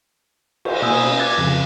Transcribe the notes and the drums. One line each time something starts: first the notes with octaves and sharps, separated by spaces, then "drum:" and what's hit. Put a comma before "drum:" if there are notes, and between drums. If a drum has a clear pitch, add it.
F#4 C5, drum: cymbal
B2 A#3 C5 G#5 D#6 E6
C#4
D6 F#6 G#6 A6
F2 C#3